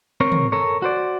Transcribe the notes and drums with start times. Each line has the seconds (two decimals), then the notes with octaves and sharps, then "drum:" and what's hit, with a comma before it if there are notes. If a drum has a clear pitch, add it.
0.20 C4 A#4 C#5
0.32 drum: tom
0.52 A4 A#4 C#5
0.82 F#4 C5 D5